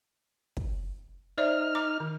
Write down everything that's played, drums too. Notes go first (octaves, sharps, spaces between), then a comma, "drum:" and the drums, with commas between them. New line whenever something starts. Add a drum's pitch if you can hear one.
drum: kick
D#4 C5 D5 E5 F6
A#5 D6
D#3